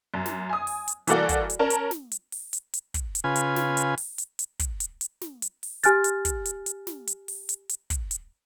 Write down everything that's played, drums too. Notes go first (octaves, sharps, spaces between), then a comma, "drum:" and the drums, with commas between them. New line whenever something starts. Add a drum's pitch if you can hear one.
F#2
drum: snare
G#5 D#6
drum: open hi-hat
drum: hi-hat
E3 G3 A#3 F#4 A4 D5, drum: hi-hat
drum: kick, hi-hat
drum: hi-hat
C#4 A#4 A5
drum: hi-hat
drum: snare
drum: hi-hat
drum: open hi-hat
drum: hi-hat
drum: hi-hat
drum: kick, hi-hat
drum: hi-hat
C#3 F4 B4 G#5
drum: hi-hat
drum: snare
drum: hi-hat
drum: open hi-hat
drum: hi-hat
drum: hi-hat
drum: kick, hi-hat
drum: hi-hat
drum: hi-hat
drum: snare
drum: hi-hat
drum: open hi-hat
G4 G#5 F6 F#6 A6, drum: hi-hat
drum: hi-hat
drum: kick, hi-hat
drum: hi-hat
drum: hi-hat
drum: snare
drum: hi-hat
drum: open hi-hat
drum: hi-hat
drum: hi-hat
drum: kick, hi-hat
drum: hi-hat